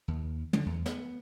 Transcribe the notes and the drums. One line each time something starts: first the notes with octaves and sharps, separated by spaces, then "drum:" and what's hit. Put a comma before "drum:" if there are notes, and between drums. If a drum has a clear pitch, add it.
D#2
D3, drum: tom
E2
B3, drum: snare